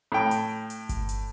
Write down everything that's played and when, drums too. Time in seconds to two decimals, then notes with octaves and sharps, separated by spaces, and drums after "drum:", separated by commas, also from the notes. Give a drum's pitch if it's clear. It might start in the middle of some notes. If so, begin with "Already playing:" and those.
0.12 A2 G5
0.31 drum: hi-hat
0.70 drum: hi-hat
0.89 drum: kick G1, hi-hat
1.09 drum: hi-hat